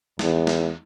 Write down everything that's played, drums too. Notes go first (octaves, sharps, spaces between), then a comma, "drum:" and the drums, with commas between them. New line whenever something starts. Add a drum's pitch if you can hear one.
E2, drum: snare
drum: snare